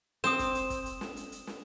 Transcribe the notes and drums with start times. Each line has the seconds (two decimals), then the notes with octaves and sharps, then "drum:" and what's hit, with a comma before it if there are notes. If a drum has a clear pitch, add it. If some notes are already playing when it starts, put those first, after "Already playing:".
0.24 C4 D#6 E7, drum: snare
0.39 drum: kick, hi-hat
0.55 drum: hi-hat
0.70 drum: kick, hi-hat
0.86 drum: hi-hat
1.01 drum: snare
1.16 drum: hi-hat
1.32 drum: hi-hat
1.47 drum: snare